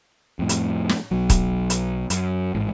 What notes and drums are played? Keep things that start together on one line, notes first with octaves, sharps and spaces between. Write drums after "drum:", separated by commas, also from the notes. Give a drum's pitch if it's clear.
F2 A2
drum: hi-hat
drum: snare
B1 F#3
drum: kick, hi-hat
drum: hi-hat
F#2, drum: hi-hat
A1 G#2